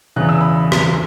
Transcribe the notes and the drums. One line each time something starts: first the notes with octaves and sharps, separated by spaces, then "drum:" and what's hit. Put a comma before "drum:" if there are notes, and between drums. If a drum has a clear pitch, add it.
E1 E2 C#3 E3 F#6
E6
B5
drum: rim click
D3